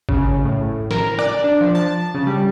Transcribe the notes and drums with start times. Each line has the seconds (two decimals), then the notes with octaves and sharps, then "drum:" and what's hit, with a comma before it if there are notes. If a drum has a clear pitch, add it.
0.09 C#3, drum: kick
0.45 A2
0.91 A#4, drum: snare
1.19 D5, drum: rim click
1.44 D4
1.61 F3
1.75 A5
2.15 C#3
2.27 G3